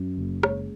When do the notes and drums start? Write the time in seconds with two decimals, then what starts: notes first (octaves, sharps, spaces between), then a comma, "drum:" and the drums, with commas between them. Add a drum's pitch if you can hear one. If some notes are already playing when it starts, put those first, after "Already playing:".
Already playing: F#2
0.17 F#1
0.43 G#3 C#5, drum: rim click